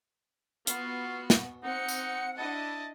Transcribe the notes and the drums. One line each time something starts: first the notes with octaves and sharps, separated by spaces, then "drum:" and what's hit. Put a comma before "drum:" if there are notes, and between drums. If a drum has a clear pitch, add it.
B3 F4 F#4, drum: hi-hat
drum: snare
C4 D#4 F#5 C#7
drum: tambourine
D4 E4 D#5 A5